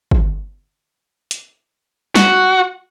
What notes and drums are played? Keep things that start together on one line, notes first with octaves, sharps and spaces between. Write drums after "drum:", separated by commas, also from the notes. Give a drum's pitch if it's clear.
drum: kick
drum: hi-hat
F#4, drum: snare